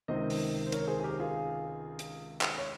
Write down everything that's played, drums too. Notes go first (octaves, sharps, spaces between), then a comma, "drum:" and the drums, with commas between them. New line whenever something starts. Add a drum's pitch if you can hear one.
C#2 C3 D#3 C5 D#5
drum: open hi-hat
C5
A#4 C#5, drum: hi-hat
G#4 C5
G#4
G4 A#4
F4 G#4
drum: hi-hat
drum: clap
C#5